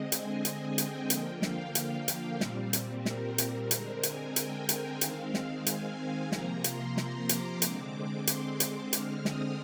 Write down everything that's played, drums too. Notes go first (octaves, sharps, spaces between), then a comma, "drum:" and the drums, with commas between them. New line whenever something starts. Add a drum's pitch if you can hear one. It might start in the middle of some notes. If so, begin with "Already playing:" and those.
Already playing: D3 G#3 C4 D#5
G#5, drum: hi-hat
drum: hi-hat
G5, drum: hi-hat
D3 F3 A#3, drum: hi-hat
F5, drum: snare
F5, drum: hi-hat
drum: hi-hat
A#2 G3 C4, drum: snare
drum: hi-hat
A#4, drum: snare
drum: hi-hat
D3 G#3 C4 A#4, drum: hi-hat
G#5, drum: hi-hat
G5, drum: hi-hat
drum: hi-hat
D#3 G#3 C4 F5, drum: hi-hat
drum: snare
G#5, drum: hi-hat
C3 F3 A#3 A#5, drum: snare
C6, drum: hi-hat
drum: snare
D6, drum: hi-hat
D3 G#3 C4 D6, drum: hi-hat
C6, drum: hi-hat
D6, drum: hi-hat
D3 G#3 C4 F6, drum: hi-hat
D#6, drum: snare